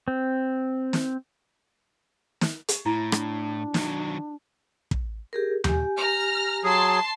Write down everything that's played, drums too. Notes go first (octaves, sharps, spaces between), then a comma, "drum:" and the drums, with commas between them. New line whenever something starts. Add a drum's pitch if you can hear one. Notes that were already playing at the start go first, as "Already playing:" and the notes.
C4
drum: snare
drum: snare
drum: hi-hat
A2 E4
D4, drum: rim click
D#3 F#3, drum: snare
drum: kick
G4 G#4 A#4
G4 G#5, drum: tom D#2
A#5 F6
F#3 G#4 A5 C6 C7